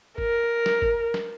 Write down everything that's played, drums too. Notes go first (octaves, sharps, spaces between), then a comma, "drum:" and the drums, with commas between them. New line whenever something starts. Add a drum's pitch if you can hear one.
A#4, drum: kick
drum: snare
drum: kick
drum: snare